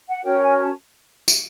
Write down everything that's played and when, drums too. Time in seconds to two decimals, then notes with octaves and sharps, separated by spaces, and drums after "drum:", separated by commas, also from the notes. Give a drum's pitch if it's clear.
0.08 F#5
0.23 C#4 F#4 A#4 C#5 G5
0.42 G#5
0.57 G#5
0.61 A5
1.28 drum: tambourine